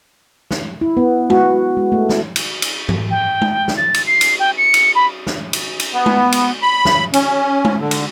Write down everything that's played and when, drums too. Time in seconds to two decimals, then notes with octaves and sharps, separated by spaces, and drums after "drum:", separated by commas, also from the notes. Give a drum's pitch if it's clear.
0.51 drum: snare
0.81 E4
0.97 B3
1.30 F#4, drum: tom G#3
1.77 G#3
1.92 A3
2.09 drum: snare
2.36 drum: cymbal
2.62 drum: cymbal
2.89 drum: tom G2
3.11 G5
3.41 drum: tom G#3
3.68 drum: snare
3.77 A6
3.94 drum: cymbal
4.07 C7
4.21 drum: cymbal
4.40 G5
4.58 C#7
4.74 drum: cymbal
4.95 B5
5.27 drum: snare
5.53 drum: cymbal
5.79 drum: cymbal
5.92 B3
6.06 drum: tom G#3
6.32 drum: cymbal
6.62 B5
6.85 drum: snare
7.13 C#4, drum: cymbal
7.65 drum: tom G#3
7.80 D3
7.91 drum: cymbal